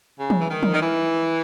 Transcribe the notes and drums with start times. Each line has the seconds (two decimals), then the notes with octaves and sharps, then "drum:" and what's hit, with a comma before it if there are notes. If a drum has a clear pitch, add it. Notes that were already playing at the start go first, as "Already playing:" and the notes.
0.19 C#3
0.30 drum: tom E3
0.41 E3
0.50 D#3
0.63 drum: tom E3
0.74 D#3
0.81 E3